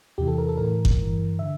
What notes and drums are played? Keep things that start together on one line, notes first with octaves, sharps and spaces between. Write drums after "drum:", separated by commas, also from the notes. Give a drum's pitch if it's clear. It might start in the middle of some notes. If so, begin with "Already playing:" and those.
E2 C3 E3 G4
A4
A#4
A4
A2 E3 A#4
drum: kick G1
G2 E3
D3 E5